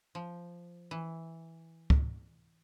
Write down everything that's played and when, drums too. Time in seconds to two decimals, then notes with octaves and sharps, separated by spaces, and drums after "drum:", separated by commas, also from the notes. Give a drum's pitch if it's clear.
0.15 F3
0.91 E3
1.90 drum: kick